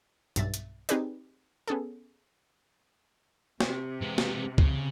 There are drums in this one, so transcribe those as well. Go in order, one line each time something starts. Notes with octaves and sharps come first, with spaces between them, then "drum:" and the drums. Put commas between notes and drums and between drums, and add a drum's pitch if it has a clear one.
B1 G2 E5 A6, drum: hi-hat
drum: hi-hat
C4 D#4 G4 G#4 B4 D5, drum: hi-hat
B3 C#4 G#4 A4
C3, drum: snare
G#3 B3
drum: snare
C#3, drum: kick C#2